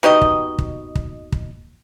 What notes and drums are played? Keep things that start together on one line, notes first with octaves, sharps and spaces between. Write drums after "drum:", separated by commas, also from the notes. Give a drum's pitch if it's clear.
B2 D#4 G4 D#5
drum: kick
drum: kick
drum: kick
drum: kick